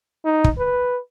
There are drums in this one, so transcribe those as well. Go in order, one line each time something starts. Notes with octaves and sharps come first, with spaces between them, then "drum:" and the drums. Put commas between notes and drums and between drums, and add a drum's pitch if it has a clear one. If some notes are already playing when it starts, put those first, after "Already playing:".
D#4
drum: kick
B4